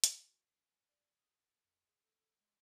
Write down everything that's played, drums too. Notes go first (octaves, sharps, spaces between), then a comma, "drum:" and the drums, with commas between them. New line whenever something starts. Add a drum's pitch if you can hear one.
drum: hi-hat
F#4
C7
G#5
D5
D#6
A6
F2
G#4
A4
A4
G#3